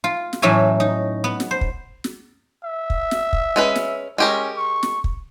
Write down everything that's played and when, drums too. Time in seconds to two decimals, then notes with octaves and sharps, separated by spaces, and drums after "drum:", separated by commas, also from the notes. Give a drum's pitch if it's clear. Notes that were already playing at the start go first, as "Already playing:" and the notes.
0.04 F4
0.33 drum: snare
0.42 A2 E3 F#3 C#4 E5 G#5
0.80 D#4
1.24 B3
1.40 drum: snare
1.51 C5
1.61 drum: kick
2.04 drum: snare
2.64 E5
2.90 drum: kick
3.11 drum: snare
3.33 drum: kick
3.56 G#3 C#4 B4
3.76 drum: snare
4.18 G#3 C#4 G4 A#4
4.57 C#6
4.83 drum: snare
5.04 drum: kick